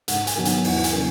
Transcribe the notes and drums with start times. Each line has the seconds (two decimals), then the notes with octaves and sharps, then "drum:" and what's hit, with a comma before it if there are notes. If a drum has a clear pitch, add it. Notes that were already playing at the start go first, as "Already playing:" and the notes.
0.08 G#2 F#5, drum: hi-hat
0.27 G#5, drum: hi-hat
0.36 D#3 F#3 B3
0.45 G#5, drum: hi-hat
0.64 E2 F#5, drum: open hi-hat
0.76 F#5
0.84 G#5, drum: hi-hat
0.93 C#3 F#3 B3